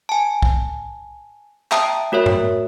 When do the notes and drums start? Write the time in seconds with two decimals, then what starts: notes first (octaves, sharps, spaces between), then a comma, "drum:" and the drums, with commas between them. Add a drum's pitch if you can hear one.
0.09 G#5 A5
0.42 drum: kick
1.72 E5 G5 A5 A#5 D#6, drum: clap
2.12 A3 F#4 A#4 C#5 E5
2.26 drum: tom F#2